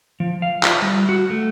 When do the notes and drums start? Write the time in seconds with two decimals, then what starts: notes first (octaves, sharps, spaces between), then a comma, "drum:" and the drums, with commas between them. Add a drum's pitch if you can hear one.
0.20 F3
0.42 F5
0.63 F4, drum: clap
0.82 G3
1.09 F#4
1.30 A3